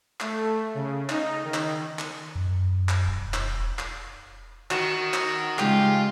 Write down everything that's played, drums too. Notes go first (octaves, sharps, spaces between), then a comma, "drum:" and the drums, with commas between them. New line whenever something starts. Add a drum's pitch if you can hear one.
A3, drum: clap
C#3
D#4, drum: clap
D#3
drum: clap
drum: clap
F#2
drum: clap
E1
drum: clap
drum: clap
D#3 F#4, drum: clap
drum: clap
C#3 G#3 F4 G4, drum: clap